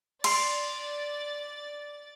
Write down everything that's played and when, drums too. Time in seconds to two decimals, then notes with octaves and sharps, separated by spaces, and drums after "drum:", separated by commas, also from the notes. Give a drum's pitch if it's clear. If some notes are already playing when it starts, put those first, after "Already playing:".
0.24 D5 C6 A6, drum: cymbal